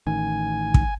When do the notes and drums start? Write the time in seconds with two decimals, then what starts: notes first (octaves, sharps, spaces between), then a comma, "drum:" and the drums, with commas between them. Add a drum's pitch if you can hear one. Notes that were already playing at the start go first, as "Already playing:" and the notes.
0.07 A1 D#3 G#5
0.74 drum: kick